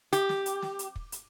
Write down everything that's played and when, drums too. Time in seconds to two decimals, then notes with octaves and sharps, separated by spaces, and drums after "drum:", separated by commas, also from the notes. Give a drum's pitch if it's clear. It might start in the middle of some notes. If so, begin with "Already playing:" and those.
0.13 G4, drum: hi-hat
0.29 drum: snare
0.46 drum: hi-hat
0.62 drum: snare
0.79 drum: hi-hat
0.96 drum: kick
1.12 drum: hi-hat